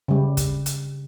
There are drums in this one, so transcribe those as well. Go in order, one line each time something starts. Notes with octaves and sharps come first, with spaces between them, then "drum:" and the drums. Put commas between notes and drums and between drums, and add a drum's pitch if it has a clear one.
C#3 G3
drum: kick, hi-hat
drum: hi-hat